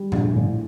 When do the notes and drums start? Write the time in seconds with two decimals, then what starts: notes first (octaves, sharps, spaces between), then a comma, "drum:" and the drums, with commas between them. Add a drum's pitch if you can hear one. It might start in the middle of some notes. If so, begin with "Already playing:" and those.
Already playing: G3
0.12 A#1, drum: tom E2
0.35 A2